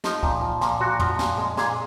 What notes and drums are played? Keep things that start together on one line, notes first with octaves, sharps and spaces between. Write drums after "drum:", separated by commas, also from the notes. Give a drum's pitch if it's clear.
F3 D#4, drum: snare
A#2, drum: kick C#2
F3
A#2, drum: snare
A#2 F#4
F3, drum: tom
A#2, drum: snare
G#3
A#2 G#4, drum: snare